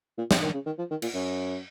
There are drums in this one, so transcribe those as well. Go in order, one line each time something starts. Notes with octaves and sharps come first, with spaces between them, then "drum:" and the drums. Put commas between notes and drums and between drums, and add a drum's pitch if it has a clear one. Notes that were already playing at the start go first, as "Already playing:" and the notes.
A#2
C3, drum: snare
D#3
C#3
D#3
F3
D#3
A#2, drum: cymbal
F#2